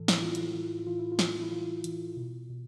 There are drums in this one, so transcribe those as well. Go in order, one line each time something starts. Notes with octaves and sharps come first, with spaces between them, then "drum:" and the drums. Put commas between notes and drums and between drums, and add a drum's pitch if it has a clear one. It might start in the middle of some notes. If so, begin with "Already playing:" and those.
Already playing: A2 E3 A4
E4, drum: snare
E3 F4
drum: hi-hat
E3
E3 F4
E4
F4
E3, drum: snare
E4
E3 F4
E3, drum: hi-hat
B2
B2